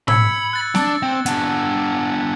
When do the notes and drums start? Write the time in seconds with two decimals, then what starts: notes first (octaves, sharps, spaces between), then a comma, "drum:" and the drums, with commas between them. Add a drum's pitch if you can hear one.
0.08 B5 E6 G#6 C#7, drum: tom A2
0.53 F#6 A6
0.75 D4, drum: snare C4
1.03 C4
1.26 B3 D4, drum: hi-hat